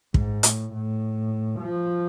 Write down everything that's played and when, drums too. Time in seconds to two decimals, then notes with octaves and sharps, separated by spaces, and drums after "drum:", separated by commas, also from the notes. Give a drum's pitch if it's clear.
0.14 G#2, drum: kick
0.43 A2, drum: hi-hat
0.73 A2
1.61 F3